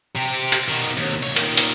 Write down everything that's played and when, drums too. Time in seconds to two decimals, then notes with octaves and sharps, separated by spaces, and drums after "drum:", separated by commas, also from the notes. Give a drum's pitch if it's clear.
0.16 C3 G4
0.52 drum: hi-hat
0.69 B2 D#3
0.98 D#2 C3
1.23 D2 C#5
1.36 A#2 D#3, drum: hi-hat
1.57 drum: hi-hat